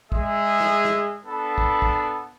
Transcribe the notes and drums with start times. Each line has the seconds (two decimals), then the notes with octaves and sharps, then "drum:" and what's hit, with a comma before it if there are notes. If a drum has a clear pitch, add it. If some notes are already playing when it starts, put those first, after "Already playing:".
0.12 G#3 G#4 E5, drum: kick
0.60 drum: snare
0.85 drum: snare
1.24 B3 D4 A4 B4
1.58 drum: kick
1.82 drum: kick